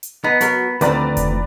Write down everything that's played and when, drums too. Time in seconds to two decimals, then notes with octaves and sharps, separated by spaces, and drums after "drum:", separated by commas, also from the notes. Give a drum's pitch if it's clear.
0.03 drum: hi-hat
0.24 B3 D#4
0.41 F#3 F#4 A#4, drum: hi-hat
0.81 D2 D#3 F3 C4 B4 D5 A#5, drum: hi-hat
1.17 drum: kick F1, hi-hat